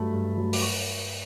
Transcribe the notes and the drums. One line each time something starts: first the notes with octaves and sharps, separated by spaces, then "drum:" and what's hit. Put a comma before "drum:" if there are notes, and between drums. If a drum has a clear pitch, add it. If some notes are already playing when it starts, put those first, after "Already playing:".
Already playing: G2 F#3 A3 A5 B5
G2
F#3 A3
D6, drum: open hi-hat
C#6